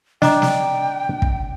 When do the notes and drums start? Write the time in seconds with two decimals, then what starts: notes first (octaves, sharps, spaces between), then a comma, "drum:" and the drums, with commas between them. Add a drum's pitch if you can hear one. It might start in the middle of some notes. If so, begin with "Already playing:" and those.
0.22 D4 D#5 G5 A#5 D6, drum: snare
0.42 drum: snare
1.22 drum: kick